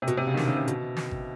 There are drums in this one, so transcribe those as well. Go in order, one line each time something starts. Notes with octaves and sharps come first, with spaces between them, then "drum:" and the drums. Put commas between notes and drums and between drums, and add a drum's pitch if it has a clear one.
C3
B2, drum: hi-hat
C3
C#3
D#3
D3, drum: snare
C#3
C3
B2, drum: hi-hat
drum: snare
drum: kick G#1